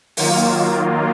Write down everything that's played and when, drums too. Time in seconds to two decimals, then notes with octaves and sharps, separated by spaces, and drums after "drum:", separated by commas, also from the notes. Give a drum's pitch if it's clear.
0.17 D#3 F#3 A#3 F4, drum: open hi-hat